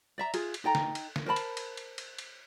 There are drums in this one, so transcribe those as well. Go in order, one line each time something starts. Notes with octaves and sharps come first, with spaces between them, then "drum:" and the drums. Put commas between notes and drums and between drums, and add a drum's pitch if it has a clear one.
D5 E5 A#5
F4 G#4, drum: cymbal
drum: cymbal
D#4 A4 G5 A#5
drum: snare
drum: cymbal
drum: snare
A#4 C5 A5 B5
drum: cymbal
drum: cymbal
drum: cymbal
drum: cymbal
drum: cymbal